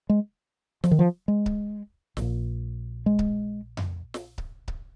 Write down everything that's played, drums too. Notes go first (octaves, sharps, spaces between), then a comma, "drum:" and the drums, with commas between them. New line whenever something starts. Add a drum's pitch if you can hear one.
G#3
F3, drum: snare
D#3
F3
G#3
drum: kick C#1
A#1 A#2, drum: snare
G#3
drum: kick C#1
drum: tom F2
drum: snare
drum: kick C#1
drum: kick C#1